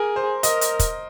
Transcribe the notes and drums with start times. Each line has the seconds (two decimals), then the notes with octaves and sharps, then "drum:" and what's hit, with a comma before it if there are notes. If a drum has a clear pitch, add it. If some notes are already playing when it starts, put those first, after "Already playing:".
Already playing: G#4 A#4
0.16 C5
0.43 A#4 D#5, drum: hi-hat
0.61 drum: hi-hat
0.79 drum: kick, hi-hat